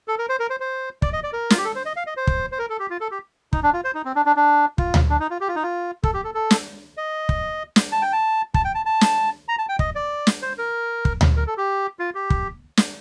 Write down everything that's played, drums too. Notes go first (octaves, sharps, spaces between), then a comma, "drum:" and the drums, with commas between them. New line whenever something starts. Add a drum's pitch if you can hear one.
A4
A#4
C5
A#4
C5
C5
D5, drum: kick
D#5
D5
A#4
F4, drum: snare
G4
A4
C5
D#5
F5
D#5
C5
drum: kick
C5
A#4
A4
G4
F4
A4
G4
D#4, drum: kick
D4
F4
C5
D#4
C4
D4
D4
D4
F4, drum: kick
drum: tom D2
D4
D#4
F4
G4
F4
D#4
F4
A4, drum: kick
G4
A4
A4
drum: snare
D#5
drum: kick
drum: snare
A5
G5
A5
A5, drum: kick
G5
A5
A5
drum: snare
A#5
A5
G5
D#5, drum: kick
D5
drum: snare
C5
A#4
drum: kick
drum: tom D2
A#4
A4
G4
F4
G4
drum: kick
drum: snare